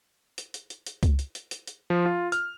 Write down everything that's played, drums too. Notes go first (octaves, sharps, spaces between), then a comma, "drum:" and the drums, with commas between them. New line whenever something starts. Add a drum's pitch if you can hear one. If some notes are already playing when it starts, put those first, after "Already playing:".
drum: hi-hat
drum: hi-hat
drum: hi-hat
drum: hi-hat
drum: kick C#2, hi-hat
drum: hi-hat
drum: hi-hat
drum: hi-hat
drum: hi-hat
F3
F4
F6, drum: hi-hat